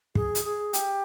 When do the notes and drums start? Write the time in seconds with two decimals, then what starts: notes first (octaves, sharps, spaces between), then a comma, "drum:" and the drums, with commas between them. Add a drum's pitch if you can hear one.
0.15 G#4, drum: kick
0.35 drum: hi-hat
0.45 G#4
0.73 G4, drum: hi-hat